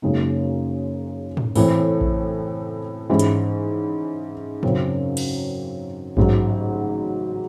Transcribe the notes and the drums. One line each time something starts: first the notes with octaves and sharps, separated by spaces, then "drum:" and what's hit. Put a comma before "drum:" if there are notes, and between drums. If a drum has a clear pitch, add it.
F#1 F#2 C#3 G#3 D#4
drum: tom
A2 E3 C4 E4, drum: open hi-hat
drum: kick A#1
G#2 E3 G#3 C#4 E4
drum: hi-hat
F#2 C#3 F#3 C4, drum: tom
drum: cymbal
A1 G#2 F#3, drum: kick A#1